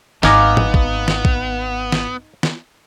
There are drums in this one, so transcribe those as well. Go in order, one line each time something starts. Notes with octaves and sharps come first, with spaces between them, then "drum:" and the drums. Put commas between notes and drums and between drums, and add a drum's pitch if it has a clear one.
G#1 B3 D#4 F5 G#5 A#5 D6, drum: snare
drum: tom G#2
drum: kick
drum: snare
drum: kick
drum: snare
drum: snare